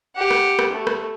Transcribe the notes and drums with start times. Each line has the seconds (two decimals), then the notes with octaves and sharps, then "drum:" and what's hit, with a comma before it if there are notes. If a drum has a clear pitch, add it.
0.16 G4 F#5
0.31 drum: rim click
0.59 drum: rim click
0.73 A3
0.87 drum: rim click